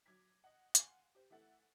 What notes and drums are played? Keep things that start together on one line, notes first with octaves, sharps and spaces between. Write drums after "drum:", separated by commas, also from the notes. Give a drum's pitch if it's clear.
F#3 D6 G#6 B6
D#5 F#5
F5 F#5 G#5 C6, drum: hi-hat
G4 C5
E3 A3 E5 F#5 A6